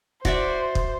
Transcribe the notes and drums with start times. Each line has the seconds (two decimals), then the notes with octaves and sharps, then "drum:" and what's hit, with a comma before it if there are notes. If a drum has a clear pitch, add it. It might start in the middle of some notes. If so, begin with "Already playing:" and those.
0.25 F#4 C5 D5 E5, drum: kick
0.75 drum: kick